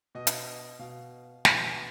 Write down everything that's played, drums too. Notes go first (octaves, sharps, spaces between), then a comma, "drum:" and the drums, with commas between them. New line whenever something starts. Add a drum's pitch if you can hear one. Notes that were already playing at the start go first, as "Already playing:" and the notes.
B2 D#5
drum: hi-hat
B2 F5
B2, drum: snare